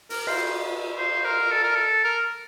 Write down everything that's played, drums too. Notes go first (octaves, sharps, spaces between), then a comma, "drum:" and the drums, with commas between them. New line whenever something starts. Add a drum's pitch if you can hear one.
A#4, drum: open hi-hat
C5, drum: cymbal
C5
A#4
A4
A#4
A4
A#4